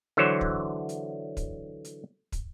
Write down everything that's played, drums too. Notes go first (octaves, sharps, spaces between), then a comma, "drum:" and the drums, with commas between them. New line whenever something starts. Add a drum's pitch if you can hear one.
D3 E3 F#3 C5 C#5
drum: kick
drum: hi-hat
drum: kick, hi-hat
drum: hi-hat
drum: kick, hi-hat